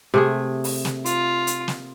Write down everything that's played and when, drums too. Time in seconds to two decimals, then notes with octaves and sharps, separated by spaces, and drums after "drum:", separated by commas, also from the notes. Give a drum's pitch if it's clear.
0.14 C3 A3 G#4
0.64 drum: open hi-hat
0.85 drum: snare
1.06 F4, drum: hi-hat
1.47 drum: hi-hat
1.68 drum: snare